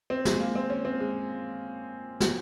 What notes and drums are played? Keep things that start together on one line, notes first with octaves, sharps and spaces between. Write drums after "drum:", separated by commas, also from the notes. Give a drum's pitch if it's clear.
C4
G#3, drum: snare
A#3
C4
C#4
C4
G#3
drum: snare